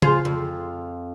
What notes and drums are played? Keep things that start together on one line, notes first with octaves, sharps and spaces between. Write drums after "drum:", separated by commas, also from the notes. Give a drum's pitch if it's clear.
F4 G#4 C5, drum: tom C#3
F2